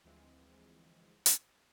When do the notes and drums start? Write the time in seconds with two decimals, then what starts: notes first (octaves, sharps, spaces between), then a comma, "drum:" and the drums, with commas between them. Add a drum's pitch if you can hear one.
0.04 D2 E3 F3 G#3 C4
1.26 drum: hi-hat